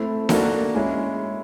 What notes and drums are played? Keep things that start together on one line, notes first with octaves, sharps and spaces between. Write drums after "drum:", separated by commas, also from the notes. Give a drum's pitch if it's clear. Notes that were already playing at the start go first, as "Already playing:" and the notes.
Already playing: A3 C4 E4 A4
A#3 D4 F#4 A4, drum: snare D#4
G#3 C#4 E4